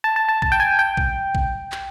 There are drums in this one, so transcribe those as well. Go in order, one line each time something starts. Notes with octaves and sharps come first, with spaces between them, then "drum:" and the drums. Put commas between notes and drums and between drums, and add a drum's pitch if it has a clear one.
A5
A5
A5
A5, drum: kick A#1
G5
G#5
G5
drum: kick A#1
drum: kick A#1
drum: clap